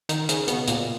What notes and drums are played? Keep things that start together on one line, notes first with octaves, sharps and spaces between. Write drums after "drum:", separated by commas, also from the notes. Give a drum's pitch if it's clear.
D#3 D#4, drum: hi-hat
C#3 C#4, drum: hi-hat
B2 B3, drum: hi-hat
A#2 A#3, drum: hi-hat